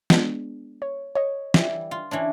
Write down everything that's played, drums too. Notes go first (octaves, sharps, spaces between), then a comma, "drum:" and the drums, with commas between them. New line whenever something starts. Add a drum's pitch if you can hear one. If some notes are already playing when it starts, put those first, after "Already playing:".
G#3 B3 D4, drum: snare
C#5
C#5 D#5
E3 G3, drum: snare
F4
E3 C#4 D4